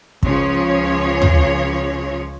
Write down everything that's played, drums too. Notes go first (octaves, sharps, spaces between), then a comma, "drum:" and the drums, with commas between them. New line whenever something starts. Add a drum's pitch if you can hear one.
C#2 C#3 F3 C#5, drum: kick
drum: tom